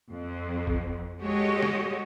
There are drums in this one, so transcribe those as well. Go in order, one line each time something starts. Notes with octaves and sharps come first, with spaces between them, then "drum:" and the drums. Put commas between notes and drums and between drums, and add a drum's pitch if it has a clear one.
F2
drum: kick G1
G#3 F#4 G4 A4 C#5 D#5
drum: snare